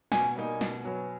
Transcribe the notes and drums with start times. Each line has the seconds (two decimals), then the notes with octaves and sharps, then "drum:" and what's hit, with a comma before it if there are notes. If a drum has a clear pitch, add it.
0.12 B2 G#5, drum: snare
0.36 G3 A#3 D#4
0.61 B2, drum: snare
0.85 F#3 B3